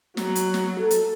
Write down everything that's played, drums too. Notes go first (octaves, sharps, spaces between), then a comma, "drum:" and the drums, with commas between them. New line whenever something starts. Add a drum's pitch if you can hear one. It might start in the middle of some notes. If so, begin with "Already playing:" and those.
F#3, drum: snare
drum: hi-hat
drum: snare
A4
drum: hi-hat